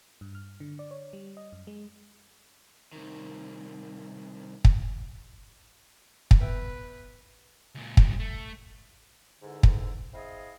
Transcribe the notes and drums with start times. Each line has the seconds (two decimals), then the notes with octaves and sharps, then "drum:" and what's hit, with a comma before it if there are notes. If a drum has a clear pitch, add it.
0.21 G2
0.35 F6
0.60 D3
0.79 D5
0.91 C#5
1.13 G3
1.37 D#5
1.52 F#2
1.67 G#3
2.93 C2 D#3
4.65 drum: kick
6.31 drum: kick
6.41 B3 B4 E5 G5
7.75 C#2 A#2
7.97 C#3 G3, drum: kick
8.20 A3
9.42 E2 G#2 D3
9.63 drum: kick
10.13 C4 E4 G#4 D#5 F5